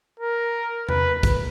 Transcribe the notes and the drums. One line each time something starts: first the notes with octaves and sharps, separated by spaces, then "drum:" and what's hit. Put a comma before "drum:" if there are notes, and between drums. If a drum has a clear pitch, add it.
A#4
B4, drum: tom E2
drum: kick A1, hi-hat